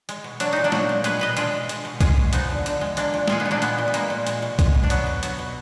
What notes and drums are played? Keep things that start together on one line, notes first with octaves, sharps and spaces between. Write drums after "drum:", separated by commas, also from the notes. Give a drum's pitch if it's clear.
G#3, drum: hi-hat
B2
F#3 D4, drum: hi-hat
A#2 D#4
A#3 D4
F#3, drum: snare
A#2
G#3 G#4 B4, drum: hi-hat
B2 B4 D#5
G#3 D4 F4, drum: hi-hat
B2
G#3, drum: hi-hat
B2
G#3 F4 G#4, drum: kick, hi-hat
B2
F3 B3 D#4, drum: hi-hat
D3
D3, drum: hi-hat
G#3
G#3 A#3 D4, drum: hi-hat
A#2
G#3 F4 G#4, drum: snare
B3
A#2
A#3 D4
G#3 B3, drum: hi-hat
A#2
B3
G#3 A#3, drum: hi-hat
A#2
G#3, drum: hi-hat
B2
G#3, drum: kick, hi-hat
B2
D4
F#3 B3, drum: hi-hat
B2
F#3 B3, drum: hi-hat
B2